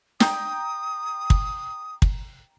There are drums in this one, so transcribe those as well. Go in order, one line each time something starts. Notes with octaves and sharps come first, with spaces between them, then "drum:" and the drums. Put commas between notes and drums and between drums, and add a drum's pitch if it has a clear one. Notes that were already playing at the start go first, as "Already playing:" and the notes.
G5 A#5 D#6 G6, drum: snare
drum: kick
drum: kick